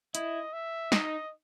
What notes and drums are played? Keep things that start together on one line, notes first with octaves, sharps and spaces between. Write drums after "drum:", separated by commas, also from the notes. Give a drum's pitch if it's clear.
E4 D#5, drum: hi-hat
E5
D#4 D#5, drum: snare